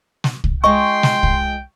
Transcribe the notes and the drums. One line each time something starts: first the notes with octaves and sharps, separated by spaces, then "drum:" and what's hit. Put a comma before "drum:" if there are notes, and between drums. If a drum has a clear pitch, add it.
drum: snare
drum: kick C2
G#3 F4 D#5 G5 C6 C#6
drum: snare
drum: kick C2